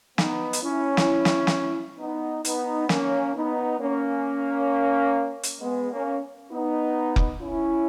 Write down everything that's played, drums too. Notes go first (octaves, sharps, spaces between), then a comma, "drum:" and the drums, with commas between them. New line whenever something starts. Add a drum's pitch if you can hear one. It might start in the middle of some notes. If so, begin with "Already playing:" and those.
B3 D#4, drum: snare
drum: hi-hat
C#4 E4
drum: snare
drum: snare
drum: snare
B3 D#4
B3 D#4, drum: hi-hat
A#3 C#4, drum: snare
B3 D#4
A#3 C#4
drum: hi-hat
G#3 B3
A#3 C#4
B3 D#4
drum: kick F1
C#4 E4